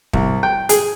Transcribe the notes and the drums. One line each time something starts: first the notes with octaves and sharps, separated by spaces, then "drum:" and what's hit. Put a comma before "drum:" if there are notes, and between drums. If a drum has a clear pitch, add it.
C2, drum: kick
G5
G#4, drum: hi-hat